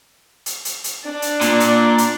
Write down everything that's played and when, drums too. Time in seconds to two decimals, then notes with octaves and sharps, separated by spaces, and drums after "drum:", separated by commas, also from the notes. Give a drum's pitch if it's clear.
0.46 drum: hi-hat
0.65 drum: hi-hat
0.84 drum: hi-hat
1.04 D4 D5
1.22 drum: hi-hat
1.41 A#2, drum: hi-hat
1.60 drum: hi-hat
1.98 drum: hi-hat